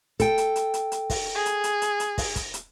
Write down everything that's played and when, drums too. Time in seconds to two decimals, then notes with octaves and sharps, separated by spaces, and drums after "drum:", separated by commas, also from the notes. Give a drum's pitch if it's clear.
0.20 A4 G5, drum: kick, hi-hat
0.38 drum: hi-hat
0.56 drum: hi-hat
0.74 drum: hi-hat
0.92 drum: hi-hat
1.10 drum: kick, open hi-hat
1.35 G#4
1.46 drum: hi-hat
1.64 drum: hi-hat
1.82 drum: hi-hat
2.00 drum: hi-hat
2.18 drum: kick, open hi-hat
2.36 drum: kick, hi-hat
2.54 drum: hi-hat